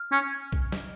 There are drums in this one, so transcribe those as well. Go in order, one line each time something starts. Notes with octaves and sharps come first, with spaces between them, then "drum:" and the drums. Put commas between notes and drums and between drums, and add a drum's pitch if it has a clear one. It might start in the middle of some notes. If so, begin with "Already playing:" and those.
Already playing: F6
C#4
drum: kick B1
drum: snare